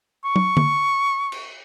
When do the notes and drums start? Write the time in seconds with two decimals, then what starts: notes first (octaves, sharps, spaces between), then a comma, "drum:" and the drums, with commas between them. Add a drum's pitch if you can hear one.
0.25 C#6
0.36 drum: tom
0.57 drum: tom D3
1.32 drum: cymbal